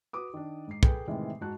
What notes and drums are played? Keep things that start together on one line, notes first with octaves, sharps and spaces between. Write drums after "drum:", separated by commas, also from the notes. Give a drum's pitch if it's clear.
F#4 B4 D6 D#6
D#3 D4
G#2 C7
G#4 A4 B4 G5, drum: kick
A2 C3 D#3 E3 G#3
G#2 F#4 A5 F#6